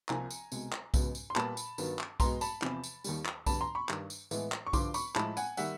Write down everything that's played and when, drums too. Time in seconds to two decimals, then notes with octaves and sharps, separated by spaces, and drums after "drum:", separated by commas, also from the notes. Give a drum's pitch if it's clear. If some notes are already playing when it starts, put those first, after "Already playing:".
0.09 C2 C3 F3 A#3 G#5 A#5, drum: clap
0.30 drum: tambourine
0.52 C2 B2 G#3, drum: tambourine
0.73 drum: clap
0.94 C#2 B2 G#3 B3, drum: kick B1, tambourine
1.15 drum: tambourine
1.30 C6
1.36 A#2 G3 B3 A5 B5, drum: clap
1.57 drum: tambourine
1.78 G2 D#3 F#3 B3, drum: tambourine
1.99 drum: clap
2.20 B2 G#3 B3 A#5 C6, drum: kick B1, tambourine
2.41 A5 B5, drum: tambourine
2.62 E2 C3 F3, drum: clap
2.84 drum: tambourine
3.04 D#2 D#3 G3, drum: tambourine
3.26 drum: clap
3.46 F2 D3 G3 B3 A5 B5, drum: kick B1, tambourine
3.61 A#5 C6
3.75 B5 C#6
3.89 G2 D#3 G3, drum: clap
4.10 drum: tambourine
4.31 A2 E3 G#3 B3, drum: tambourine
4.52 drum: clap
4.67 C#6
4.73 G2 D3 F3 C6 D6, drum: kick B1, tambourine
4.94 B5 C#6, drum: tambourine
5.16 A2 F3 G#3 A5 B5, drum: clap
5.37 F#5 G#5, drum: tambourine
5.57 D#3 G3 A#3 E5 F#5, drum: tambourine